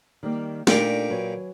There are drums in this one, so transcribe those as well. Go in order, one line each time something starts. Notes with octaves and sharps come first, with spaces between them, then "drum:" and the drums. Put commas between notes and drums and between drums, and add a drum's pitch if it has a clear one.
D#3 G3 A#3
A#2 A3 D4 D#4 G4 A#4, drum: snare
F#3 B4 G#5